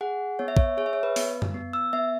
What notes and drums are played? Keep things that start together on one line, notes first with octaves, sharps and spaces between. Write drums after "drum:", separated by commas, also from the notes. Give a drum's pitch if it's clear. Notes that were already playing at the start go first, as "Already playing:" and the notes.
G#4 F#5
B3 C#5
E5
C#5, drum: kick
G#4 C#5
E5
C#5
B4
B3, drum: open hi-hat
drum: tom
B3
E6
B3 E5